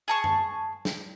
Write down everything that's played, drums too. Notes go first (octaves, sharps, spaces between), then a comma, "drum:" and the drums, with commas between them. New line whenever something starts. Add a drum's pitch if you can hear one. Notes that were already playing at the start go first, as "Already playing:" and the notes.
G#4 A5 C#6
drum: tom F#2
drum: snare